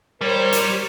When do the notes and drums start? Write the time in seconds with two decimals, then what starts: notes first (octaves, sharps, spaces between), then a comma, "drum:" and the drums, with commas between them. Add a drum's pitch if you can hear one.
0.21 G3 A#4 C5 C#5
0.53 drum: hi-hat